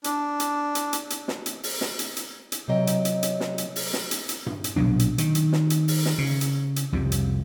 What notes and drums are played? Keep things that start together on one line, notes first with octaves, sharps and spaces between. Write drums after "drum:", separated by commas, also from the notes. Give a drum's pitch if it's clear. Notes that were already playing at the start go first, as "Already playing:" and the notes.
D4, drum: hi-hat
drum: hi-hat
drum: hi-hat
drum: hi-hat
drum: hi-hat
drum: snare
drum: hi-hat
drum: open hi-hat
drum: snare
drum: hi-hat
drum: hi-hat
drum: hi-hat
C3 F#3 D#5 G5
drum: hi-hat
drum: hi-hat
drum: hi-hat
drum: snare
drum: hi-hat
drum: open hi-hat
drum: snare
drum: hi-hat
drum: hi-hat
drum: tom G2
drum: hi-hat
A#1 B2 F#3 D4
drum: hi-hat
D#3, drum: hi-hat
drum: hi-hat
drum: snare
drum: hi-hat
drum: open hi-hat
drum: snare
C#3
drum: hi-hat
drum: hi-hat
C2 F2 C3 G3
drum: hi-hat